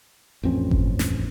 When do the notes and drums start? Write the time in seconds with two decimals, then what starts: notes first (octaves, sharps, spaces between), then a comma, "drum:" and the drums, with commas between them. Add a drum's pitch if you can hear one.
0.43 A1 F2 C4 C#4
0.71 drum: kick G1
0.99 drum: snare